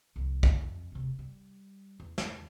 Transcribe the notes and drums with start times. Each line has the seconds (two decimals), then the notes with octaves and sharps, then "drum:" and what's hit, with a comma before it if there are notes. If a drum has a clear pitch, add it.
0.16 C2 F3
0.43 drum: kick
0.61 F2
0.92 E1 C3
1.19 G3
2.00 E2
2.18 drum: snare